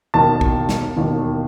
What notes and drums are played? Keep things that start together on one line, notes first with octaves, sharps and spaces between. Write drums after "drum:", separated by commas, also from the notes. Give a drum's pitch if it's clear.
E1 D#2 D#3 A5
drum: kick
drum: snare
E1 D#2 D#3